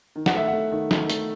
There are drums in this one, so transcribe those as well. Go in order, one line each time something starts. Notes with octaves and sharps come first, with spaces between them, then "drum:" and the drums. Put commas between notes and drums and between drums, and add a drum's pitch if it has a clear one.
D#3
F#5, drum: snare
A3 E5
F#5
A3
D#3
D#3, drum: snare
A3, drum: hi-hat